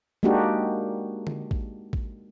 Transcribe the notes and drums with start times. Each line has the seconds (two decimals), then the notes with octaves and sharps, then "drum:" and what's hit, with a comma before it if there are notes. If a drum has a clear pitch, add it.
0.23 G#3 A#3 D4 D#4 F#4 G4
1.27 drum: tom D3
1.51 drum: kick A1
1.93 drum: kick A1